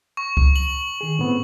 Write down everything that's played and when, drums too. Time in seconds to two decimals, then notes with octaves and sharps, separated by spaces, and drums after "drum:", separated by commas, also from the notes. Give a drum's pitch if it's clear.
0.17 C#6
0.37 drum: kick C#2
0.56 F#7
1.01 D#3 G#4
1.19 A2 B3 C4